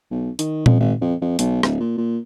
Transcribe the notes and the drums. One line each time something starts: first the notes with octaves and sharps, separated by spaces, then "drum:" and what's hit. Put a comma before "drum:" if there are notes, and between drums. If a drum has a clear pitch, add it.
B1
D#3, drum: hi-hat
F2, drum: tom A#2
G#1
F2
F2
B1, drum: hi-hat
D1, drum: rim click
A#2
A#2